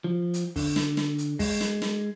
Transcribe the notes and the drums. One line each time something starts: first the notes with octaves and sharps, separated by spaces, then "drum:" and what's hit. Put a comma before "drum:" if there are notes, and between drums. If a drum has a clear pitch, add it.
F3
drum: hi-hat
D3, drum: kick, open hi-hat
drum: snare
drum: snare
drum: hi-hat
G#3, drum: kick, open hi-hat
drum: snare
drum: snare